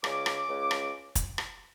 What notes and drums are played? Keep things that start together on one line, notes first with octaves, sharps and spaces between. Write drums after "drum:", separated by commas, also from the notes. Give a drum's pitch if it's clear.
C#2 C#3 D6, drum: rim click
drum: rim click
C#2 C#3
drum: rim click
drum: kick, hi-hat
drum: rim click